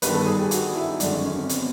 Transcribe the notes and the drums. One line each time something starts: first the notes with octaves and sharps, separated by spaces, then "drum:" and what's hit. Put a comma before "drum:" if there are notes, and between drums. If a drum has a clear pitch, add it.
G1 G2 D#3 B4, drum: hi-hat
A4
G#4
G4
F#4, drum: hi-hat
E4
D#4
G#1 F#2 D3 D4, drum: hi-hat
C#4
C#4
C4
B3, drum: hi-hat